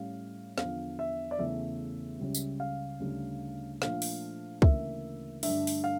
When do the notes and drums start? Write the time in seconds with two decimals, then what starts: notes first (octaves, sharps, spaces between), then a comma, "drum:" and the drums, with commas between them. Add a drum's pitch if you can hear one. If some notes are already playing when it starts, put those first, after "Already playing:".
Already playing: A2 G3 C#4 F5
0.58 E2 D3 F3 F5, drum: snare
0.99 E5
1.31 D5
1.38 E2 C#3 E3 A3 E5
2.19 C#2 C#3 G3 C#4
2.35 drum: tambourine
2.60 F5
3.00 D2 C#3 G3 D4
3.82 A#2 F3 A3 D4 F5, drum: snare
4.02 drum: open hi-hat
4.62 D2 C#3 E3 A#3 E5, drum: kick
5.43 G2 D3 A3 D4 E5, drum: open hi-hat
5.67 drum: open hi-hat
5.84 F5